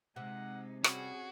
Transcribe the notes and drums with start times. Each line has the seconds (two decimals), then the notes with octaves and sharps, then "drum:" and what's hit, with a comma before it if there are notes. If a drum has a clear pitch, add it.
0.16 C3 G#3 D#4 F#5
0.84 G3 C#4 F#4 G#4, drum: rim click